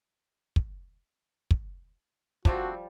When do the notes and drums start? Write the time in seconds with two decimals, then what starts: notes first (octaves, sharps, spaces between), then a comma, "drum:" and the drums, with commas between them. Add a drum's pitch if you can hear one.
0.56 drum: kick
1.51 drum: kick
2.45 D3 F3 G3 A3 C4 F#4, drum: kick